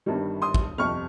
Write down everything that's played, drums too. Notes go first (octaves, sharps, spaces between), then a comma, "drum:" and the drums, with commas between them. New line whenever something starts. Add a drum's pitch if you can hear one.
G1 G2 D#3 G3
C6 D#6
drum: kick
G1 F2 C3 C#6 F6